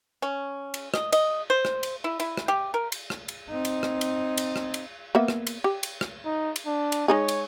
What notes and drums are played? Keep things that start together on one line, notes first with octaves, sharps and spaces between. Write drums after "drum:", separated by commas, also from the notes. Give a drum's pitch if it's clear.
C#4
drum: cymbal
D#5, drum: rim click
D#5, drum: cymbal
C5
drum: rim click
drum: cymbal
E4
E4, drum: cymbal
drum: rim click
G4
A#4
drum: cymbal
drum: rim click
drum: cymbal
C4 D#4
drum: cymbal
drum: rim click
drum: cymbal
drum: cymbal
drum: rim click
drum: cymbal
A#3 B3 E5
drum: rim click
drum: cymbal
G4
drum: cymbal
drum: rim click
D#4
drum: cymbal
D4
drum: cymbal
G#3 D#4 G#4 C#5
drum: cymbal